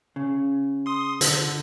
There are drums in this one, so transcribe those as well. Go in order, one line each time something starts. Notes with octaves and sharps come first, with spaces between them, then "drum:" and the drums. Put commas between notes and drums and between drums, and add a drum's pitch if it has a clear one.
C#3
C6 D#6
D3, drum: hi-hat